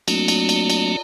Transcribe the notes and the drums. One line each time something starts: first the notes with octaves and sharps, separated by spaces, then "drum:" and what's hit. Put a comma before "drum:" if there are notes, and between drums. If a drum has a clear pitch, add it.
F#3 A3 A#3 C4 D4 F#4, drum: cymbal
drum: cymbal
drum: cymbal
drum: cymbal